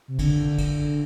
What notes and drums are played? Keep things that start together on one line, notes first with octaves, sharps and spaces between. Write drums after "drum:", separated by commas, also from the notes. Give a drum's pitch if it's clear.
C3
D3, drum: kick, cymbal
drum: kick, cymbal